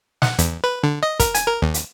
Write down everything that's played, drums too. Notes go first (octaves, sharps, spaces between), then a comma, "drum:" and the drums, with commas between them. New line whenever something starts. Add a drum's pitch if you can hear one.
F#5, drum: snare
E2, drum: hi-hat
B4
D3
D#5
A#4, drum: kick, hi-hat
G#5, drum: hi-hat
A#4
D#2
drum: hi-hat